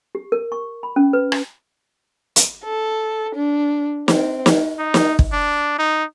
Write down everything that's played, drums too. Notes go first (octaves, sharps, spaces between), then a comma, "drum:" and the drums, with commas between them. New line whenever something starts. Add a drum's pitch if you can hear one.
G4
A#4
C#6
B5
C#4
B4
drum: rim click
drum: hi-hat
A4
D4
C4, drum: snare
drum: snare
D#4
drum: snare
drum: kick
D4
D#4